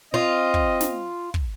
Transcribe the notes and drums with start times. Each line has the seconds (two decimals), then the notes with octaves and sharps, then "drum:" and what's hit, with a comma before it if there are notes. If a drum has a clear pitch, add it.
0.14 C4 F4 D#5
0.54 drum: kick
0.81 drum: snare
1.34 drum: kick